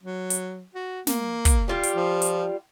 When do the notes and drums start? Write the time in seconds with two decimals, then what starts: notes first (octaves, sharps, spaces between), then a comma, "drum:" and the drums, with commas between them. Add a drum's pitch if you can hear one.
0.03 F#3
0.30 drum: hi-hat
0.74 F#4
1.07 A#3, drum: snare
1.45 drum: kick, hi-hat
1.68 G3 F4 G4
1.83 drum: hi-hat
1.96 F3
2.22 drum: hi-hat